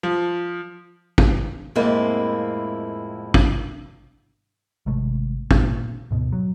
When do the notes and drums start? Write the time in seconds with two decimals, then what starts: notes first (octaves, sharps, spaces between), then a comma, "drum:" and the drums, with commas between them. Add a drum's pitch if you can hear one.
0.03 F3
1.18 drum: kick
1.75 F2 A2 G#3 A#3 C4 E4
3.34 drum: kick
4.86 G#1 C3 G#3 A3
5.51 A#2, drum: kick
6.11 D2 G#2 B2
6.33 F#3